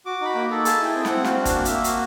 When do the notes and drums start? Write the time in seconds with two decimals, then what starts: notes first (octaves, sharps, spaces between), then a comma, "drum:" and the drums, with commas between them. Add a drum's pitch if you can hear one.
0.06 F#4 D6
0.21 D#4 B5
0.35 A#3
0.51 A4
0.65 G#4 A5, drum: hi-hat
0.80 E4 G5
0.95 C4
1.05 F#5, drum: snare
1.11 C4
1.25 F#4 F5, drum: snare
1.40 D4
1.45 F5, drum: kick, hi-hat
1.55 A#3
1.65 A#3 E5, drum: hi-hat
1.84 F#4 F5, drum: hi-hat